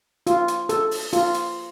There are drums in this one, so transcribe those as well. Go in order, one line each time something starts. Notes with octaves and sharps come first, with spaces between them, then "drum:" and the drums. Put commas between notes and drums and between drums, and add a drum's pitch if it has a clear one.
F4, drum: hi-hat
drum: hi-hat
A4, drum: hi-hat
drum: open hi-hat
F4, drum: hi-hat
drum: hi-hat